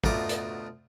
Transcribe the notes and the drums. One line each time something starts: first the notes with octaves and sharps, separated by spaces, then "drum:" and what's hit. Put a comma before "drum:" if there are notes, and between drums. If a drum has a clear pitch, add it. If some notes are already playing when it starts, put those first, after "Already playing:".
D2 B2 A3 F4 A#5 D6, drum: kick
drum: hi-hat